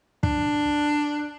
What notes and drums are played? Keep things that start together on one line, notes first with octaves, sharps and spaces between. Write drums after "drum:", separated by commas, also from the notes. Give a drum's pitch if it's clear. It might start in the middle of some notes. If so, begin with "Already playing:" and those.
D4, drum: kick